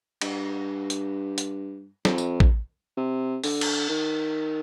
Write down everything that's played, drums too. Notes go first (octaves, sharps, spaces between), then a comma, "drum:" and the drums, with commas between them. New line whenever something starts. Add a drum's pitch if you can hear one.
G2, drum: cymbal
drum: hi-hat
drum: hi-hat
F2, drum: snare
drum: tambourine
drum: kick
C3
D3, drum: open hi-hat
drum: cymbal
D#3